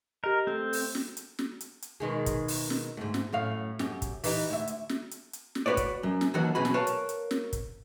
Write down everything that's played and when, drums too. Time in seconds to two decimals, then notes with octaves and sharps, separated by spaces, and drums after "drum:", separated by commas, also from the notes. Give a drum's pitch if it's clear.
0.24 G4 A#4 D#5
0.47 A3 C4 A4
0.73 drum: open hi-hat
0.95 drum: snare
1.17 drum: hi-hat
1.39 drum: snare
1.61 drum: hi-hat
1.82 drum: hi-hat
2.00 B2 D#3 G#3
2.26 drum: kick, hi-hat
2.48 drum: open hi-hat
2.70 drum: snare
2.97 D2 G#2
3.14 drum: snare
3.33 F#2 A2 F5
3.79 F#2 G4, drum: snare
4.02 drum: kick, hi-hat
4.24 E3 D#4 G4, drum: open hi-hat
4.50 D2 E5
4.68 drum: hi-hat
4.89 drum: snare
5.11 drum: hi-hat
5.33 drum: hi-hat
5.55 drum: snare
5.66 F#4 G4 B4 C#5 D5
5.77 drum: kick, hi-hat
6.03 F#2
6.21 drum: snare
6.34 D#2 E3 F#3 D4 F#4 F#5
6.55 F#2 B2 F#4 G#4 B4 B5
6.65 drum: snare
6.74 A#4 B4 C#5 F5 A5
6.87 drum: hi-hat
7.09 drum: hi-hat
7.31 drum: snare
7.53 drum: kick, hi-hat